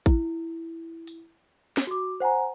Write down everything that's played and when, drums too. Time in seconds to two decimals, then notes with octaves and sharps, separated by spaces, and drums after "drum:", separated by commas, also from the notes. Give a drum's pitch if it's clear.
0.06 E4, drum: kick
1.07 drum: open hi-hat
1.77 drum: snare
1.87 F#4 D6
2.20 C5 F#5 G#5 A#5